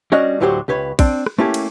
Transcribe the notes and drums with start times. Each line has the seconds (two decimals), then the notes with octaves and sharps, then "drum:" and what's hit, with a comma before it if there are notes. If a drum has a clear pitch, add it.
0.12 G3 C#4 D4 F#4 D#5 F#5
0.40 D2 A2 F#3 F#4 G4 C5
0.68 C#2 G4 B4 C#5
0.99 C4 D4, drum: kick A#1, cymbal
1.26 drum: rim click
1.38 A3 A#3 C#4 E4 G4
1.54 drum: cymbal